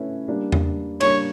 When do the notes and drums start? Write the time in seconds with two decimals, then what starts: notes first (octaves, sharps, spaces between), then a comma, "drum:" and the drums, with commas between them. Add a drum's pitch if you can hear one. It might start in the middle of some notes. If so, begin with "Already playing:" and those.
Already playing: A3 C#4 E4 B4
0.28 G3 A#3 D4
0.52 drum: tom E2
1.01 G3 A#3 D4 C#5, drum: cymbal